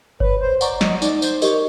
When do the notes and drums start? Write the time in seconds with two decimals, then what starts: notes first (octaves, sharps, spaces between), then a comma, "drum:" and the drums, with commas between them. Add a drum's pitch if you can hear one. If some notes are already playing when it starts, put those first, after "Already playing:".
0.20 B4 C#5, drum: kick G1
0.41 C5
0.61 D5 F#5 A#5 C#6, drum: tambourine
0.81 D#5, drum: snare
1.02 D#4 D5, drum: tambourine
1.22 C5, drum: tambourine
1.42 G4 A#4 C#5 D#5, drum: tambourine